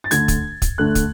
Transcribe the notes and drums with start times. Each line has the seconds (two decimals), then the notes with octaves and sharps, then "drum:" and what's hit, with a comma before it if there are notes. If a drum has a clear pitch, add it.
0.04 A6
0.11 D2 D3 A3 G#6, drum: hi-hat
0.28 drum: kick, hi-hat
0.62 drum: kick, hi-hat
0.78 D2 D3 A3 F#6
0.95 drum: kick, hi-hat